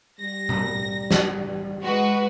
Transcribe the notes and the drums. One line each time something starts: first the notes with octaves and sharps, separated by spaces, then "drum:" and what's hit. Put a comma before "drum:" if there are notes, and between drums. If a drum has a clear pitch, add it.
G3 A#6
drum: tom B2
drum: snare
G#3 F#4 B4